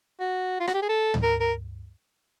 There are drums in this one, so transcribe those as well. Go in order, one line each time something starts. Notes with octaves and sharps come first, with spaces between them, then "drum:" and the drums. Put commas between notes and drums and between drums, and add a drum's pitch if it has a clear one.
F#4
F4
F#4, drum: rim click
G4
G#4
A4
drum: tom
A#4
A#4